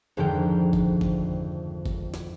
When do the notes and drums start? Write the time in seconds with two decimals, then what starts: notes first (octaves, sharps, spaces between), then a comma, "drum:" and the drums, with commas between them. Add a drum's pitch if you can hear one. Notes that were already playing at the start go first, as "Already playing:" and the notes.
0.17 G#1 F2 D3 F3 A#4 G5
0.73 drum: kick G1
1.01 drum: kick G1
1.86 drum: kick G1
2.14 drum: snare